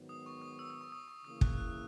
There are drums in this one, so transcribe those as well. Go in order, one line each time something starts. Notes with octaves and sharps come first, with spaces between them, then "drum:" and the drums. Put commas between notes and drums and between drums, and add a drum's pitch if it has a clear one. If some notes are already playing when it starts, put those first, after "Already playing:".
Already playing: G#2 D#3 F#3 B3
D#6
C#6
D#6
E6
E6
C#6
D#6
C#6
C#3 E3 A#3 E4 D#6
F#6, drum: kick
F#6